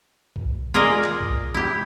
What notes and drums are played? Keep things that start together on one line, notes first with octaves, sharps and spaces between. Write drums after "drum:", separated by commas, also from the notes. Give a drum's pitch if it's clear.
drum: kick A#1
F4 G#4 A#4 D5 D#5
drum: clap
drum: kick A#1
E4 G4